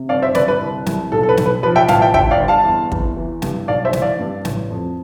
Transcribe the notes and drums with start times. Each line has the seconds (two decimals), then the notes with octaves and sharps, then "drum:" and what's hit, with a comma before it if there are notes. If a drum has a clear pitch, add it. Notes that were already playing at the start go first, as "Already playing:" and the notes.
Already playing: C3
0.09 G1 D5 F5
0.22 C5 E5
0.35 G1 B4 D5, drum: snare
0.48 B4
0.61 C2
0.86 C2, drum: snare
1.12 B1 A4
1.23 A4
1.29 B4
1.37 B1, drum: snare
1.46 B4
1.63 F3 B4
1.76 E5 G5
1.88 A1 F5 A5, drum: snare
2.01 E5 G5
2.14 G1 E5 G5, drum: kick
2.31 D5 F5
2.40 G1
2.48 F5 A5
2.65 E2
2.92 E2, drum: kick
3.17 E3
3.42 G2, drum: snare
3.68 B1 D5 F5
3.85 C5 E5
3.93 E3, drum: snare
4.02 D5 F5
4.19 G2
4.45 A1, drum: snare
4.70 F2